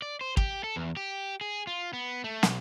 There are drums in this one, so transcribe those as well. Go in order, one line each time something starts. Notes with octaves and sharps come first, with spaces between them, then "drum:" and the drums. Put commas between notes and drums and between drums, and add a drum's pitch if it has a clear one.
D5
C5
G4, drum: kick
A4
E2
G4
G#4
F4
B3
A3
B1, drum: snare